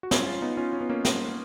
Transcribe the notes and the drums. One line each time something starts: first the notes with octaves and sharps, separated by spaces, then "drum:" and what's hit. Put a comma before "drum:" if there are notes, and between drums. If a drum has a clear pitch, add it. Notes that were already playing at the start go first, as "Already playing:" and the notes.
F#4
C#4 F4, drum: snare
C#4 F4
B3 D#4
C#4 F4
C#4
B3
A#3 C#4
drum: snare